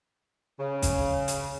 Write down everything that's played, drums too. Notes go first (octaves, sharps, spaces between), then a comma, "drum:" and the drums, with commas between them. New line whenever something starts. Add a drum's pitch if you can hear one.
C#3
drum: kick, hi-hat
drum: hi-hat